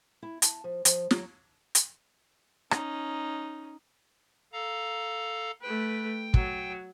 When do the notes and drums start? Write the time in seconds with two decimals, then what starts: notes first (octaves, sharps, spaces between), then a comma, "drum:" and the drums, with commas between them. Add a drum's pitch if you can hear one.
0.23 E4
0.42 A5, drum: hi-hat
0.64 F3
0.85 F3, drum: hi-hat
1.11 F#3, drum: snare
1.75 drum: hi-hat
2.71 C#4 D#4, drum: rim click
4.53 A4 F5 A#5
5.62 A3 B4 G5
6.34 F#3, drum: kick